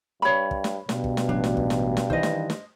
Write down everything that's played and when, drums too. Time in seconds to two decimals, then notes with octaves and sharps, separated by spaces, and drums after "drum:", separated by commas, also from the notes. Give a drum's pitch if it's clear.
0.22 G2 C#5 B5
0.51 drum: kick
0.64 drum: snare
0.89 G2 B2, drum: snare
1.04 drum: kick
1.17 drum: snare
1.29 A1 F#3 D4
1.44 drum: snare
1.57 drum: kick
1.70 drum: snare
1.97 drum: snare
2.10 D#3 E3 C5 D#5, drum: kick
2.23 drum: snare
2.50 drum: snare